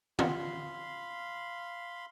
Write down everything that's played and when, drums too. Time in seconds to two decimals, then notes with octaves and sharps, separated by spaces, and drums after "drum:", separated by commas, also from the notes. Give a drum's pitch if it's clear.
0.19 F4 F5 F#5 B5 C6, drum: tom D3